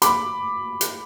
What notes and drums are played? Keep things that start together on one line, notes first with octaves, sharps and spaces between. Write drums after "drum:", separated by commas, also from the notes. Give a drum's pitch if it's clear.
B5 D6, drum: hi-hat
drum: hi-hat